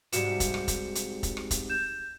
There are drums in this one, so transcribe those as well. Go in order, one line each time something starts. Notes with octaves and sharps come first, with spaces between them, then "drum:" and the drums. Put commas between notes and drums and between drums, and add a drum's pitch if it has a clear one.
G#2 C3 G3 F#4 C#7 E7, drum: hi-hat
drum: kick, hi-hat
drum: rim click
drum: kick, hi-hat
drum: hi-hat
drum: kick, hi-hat
drum: rim click
drum: kick, hi-hat
G6 E7